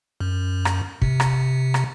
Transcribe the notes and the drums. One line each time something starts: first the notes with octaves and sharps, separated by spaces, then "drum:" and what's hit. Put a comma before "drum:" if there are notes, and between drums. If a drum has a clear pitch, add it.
F#2
drum: rim click
C3, drum: kick
drum: rim click
drum: rim click